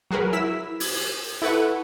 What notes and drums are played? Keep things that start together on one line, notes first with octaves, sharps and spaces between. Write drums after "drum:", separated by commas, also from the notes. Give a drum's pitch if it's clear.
F#3 F#4 G#4 A#4 B4
E4 E6 B6 E7
G#6, drum: open hi-hat
E4 A4 B4 F#5 C#6